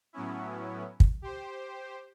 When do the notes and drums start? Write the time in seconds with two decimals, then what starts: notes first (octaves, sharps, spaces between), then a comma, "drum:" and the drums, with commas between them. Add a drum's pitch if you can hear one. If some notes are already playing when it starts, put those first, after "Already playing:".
0.13 A2 F#3 B3 C#4 E4
1.00 drum: kick
1.22 G4 C5